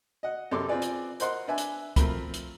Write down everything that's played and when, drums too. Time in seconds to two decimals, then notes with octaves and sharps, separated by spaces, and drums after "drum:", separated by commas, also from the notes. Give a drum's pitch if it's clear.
0.23 D#5 F#5
0.51 F#2 C3 A4 C#5 C6 D6
0.68 C4 F4 G#4 B4 D5 G#5
0.82 drum: hi-hat
1.20 A#4 C5 D#5 F#5 C6, drum: hi-hat
1.48 D4 B4 E5 G#5
1.58 drum: hi-hat
1.96 F3 A3 C4 F4 A#4 B5, drum: kick, hi-hat
2.34 drum: hi-hat